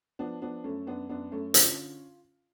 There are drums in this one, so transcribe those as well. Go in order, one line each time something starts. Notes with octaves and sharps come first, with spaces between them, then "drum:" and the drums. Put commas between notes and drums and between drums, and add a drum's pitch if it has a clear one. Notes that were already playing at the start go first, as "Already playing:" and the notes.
F3 B3 D4
F3 B3 D4
F#2 A3 C#4
F#2 B3 D4
F#2 B3 D4
F#2 A3 C#4
D3 C#4 F4, drum: hi-hat